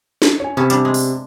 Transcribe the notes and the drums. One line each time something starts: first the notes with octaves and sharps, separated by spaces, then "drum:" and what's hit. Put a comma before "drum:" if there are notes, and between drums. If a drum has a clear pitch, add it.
drum: snare
C#5 G#5
C3 B3 C#4 A5
G3 D4, drum: hi-hat
G#3
drum: open hi-hat